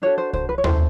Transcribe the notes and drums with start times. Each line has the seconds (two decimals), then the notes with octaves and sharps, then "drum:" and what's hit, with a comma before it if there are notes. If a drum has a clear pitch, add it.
0.02 D4 F#4 A4 C#5
0.18 C5
0.33 C5, drum: kick C2
0.49 B4
0.58 C#5
0.64 C#4 E4 A4 C5, drum: tom D#2